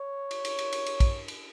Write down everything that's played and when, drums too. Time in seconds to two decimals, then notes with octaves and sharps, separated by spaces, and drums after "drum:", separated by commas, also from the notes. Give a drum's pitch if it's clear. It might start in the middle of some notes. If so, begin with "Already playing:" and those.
Already playing: C#5
0.31 drum: cymbal
0.45 drum: cymbal
0.59 drum: cymbal
0.72 drum: cymbal
0.86 drum: cymbal
1.00 drum: kick, cymbal
1.28 drum: cymbal